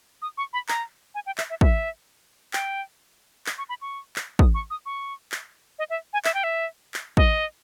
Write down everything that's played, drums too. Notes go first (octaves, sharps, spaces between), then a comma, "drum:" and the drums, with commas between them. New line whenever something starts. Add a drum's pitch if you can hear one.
D#6
C#6
B5
A#5, drum: clap
G#5
G5
E5, drum: clap
E5
E5, drum: kick
G5, drum: clap
drum: clap
C#6
B5
C#6
drum: clap
D#6, drum: kick
C#6
D#6
C#6
drum: clap
D#5
E5
G#5
E5, drum: clap
G5
E5
drum: clap
D#5, drum: kick